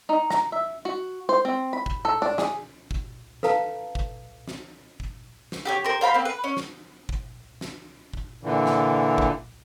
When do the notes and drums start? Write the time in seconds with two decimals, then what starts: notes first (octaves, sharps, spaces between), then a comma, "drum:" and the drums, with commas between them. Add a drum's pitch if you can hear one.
0.09 D#4
0.30 A#5, drum: snare
0.52 E5
0.85 F#4
1.29 C5
1.45 C4
1.73 B5
1.86 drum: kick
2.05 A4
2.22 D4
2.38 G#4, drum: snare
2.91 drum: kick
3.43 A4 B4 F5 A5 A#5, drum: snare
3.95 drum: kick
4.48 drum: snare
5.00 drum: kick
5.52 drum: snare
5.65 G4 A4 C#5
5.84 A#4 C5
6.01 C5 F5 A#5 B5
6.14 A#3 C4
6.25 B4
6.44 C#4
6.57 drum: snare
7.09 drum: kick
7.61 drum: snare
8.13 drum: kick
8.43 A#2 D3 E3
8.66 drum: snare
9.18 drum: kick